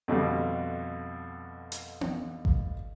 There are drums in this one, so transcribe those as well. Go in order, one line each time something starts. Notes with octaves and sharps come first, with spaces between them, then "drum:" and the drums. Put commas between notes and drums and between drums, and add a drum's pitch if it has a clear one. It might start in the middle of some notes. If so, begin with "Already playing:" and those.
F2 B2 D3 G3
drum: hi-hat
drum: tom B3
drum: kick G#1